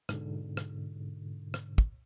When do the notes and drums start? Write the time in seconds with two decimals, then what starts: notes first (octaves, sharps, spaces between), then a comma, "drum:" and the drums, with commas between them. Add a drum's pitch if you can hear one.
0.09 G#2 B2 D3, drum: rim click
0.57 drum: rim click
1.54 drum: rim click
1.78 drum: kick